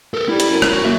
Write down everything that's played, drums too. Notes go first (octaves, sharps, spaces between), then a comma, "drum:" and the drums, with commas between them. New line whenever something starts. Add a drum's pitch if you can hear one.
A4 A#4
G3 E4
drum: hi-hat
F#2
drum: rim click
F#4
A#3 E5